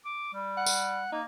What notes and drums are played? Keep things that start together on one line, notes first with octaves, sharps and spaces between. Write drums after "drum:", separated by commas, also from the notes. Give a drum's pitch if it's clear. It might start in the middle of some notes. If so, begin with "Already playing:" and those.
D6
G3
F#5
drum: tambourine
A#3 D#4